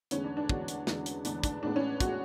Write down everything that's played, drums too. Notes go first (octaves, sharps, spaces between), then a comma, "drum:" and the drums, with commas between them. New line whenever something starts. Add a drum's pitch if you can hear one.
E2 D3 G#3 B3 C#4, drum: hi-hat
D4
D4
E2 D3 G#3 B3 F#4, drum: kick
drum: hi-hat
E2 D3 G#3 B3, drum: snare
drum: hi-hat
E2 D3 G#3 B3 D4, drum: hi-hat
D4, drum: kick, hi-hat
A2 G#3 B3 D4
C#4
A2 G#3 B3 F#4, drum: kick, hi-hat